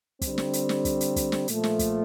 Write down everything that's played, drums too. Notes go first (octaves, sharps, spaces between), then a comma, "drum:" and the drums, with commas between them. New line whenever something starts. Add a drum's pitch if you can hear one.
D3 G3 C4, drum: kick, hi-hat
drum: snare
drum: hi-hat
drum: snare
drum: kick, hi-hat
drum: hi-hat
drum: kick, hi-hat
drum: snare
A#2 F3 A3, drum: hi-hat
drum: snare
drum: kick, hi-hat